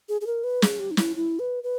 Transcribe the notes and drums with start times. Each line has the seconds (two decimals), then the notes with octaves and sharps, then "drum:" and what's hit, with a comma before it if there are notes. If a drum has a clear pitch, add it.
0.09 G#4
0.21 G#4
0.26 A#4
0.44 B4
0.62 G#4, drum: snare
0.79 G4
0.91 D#4
0.97 E4, drum: snare
1.16 E4
1.39 B4
1.63 B4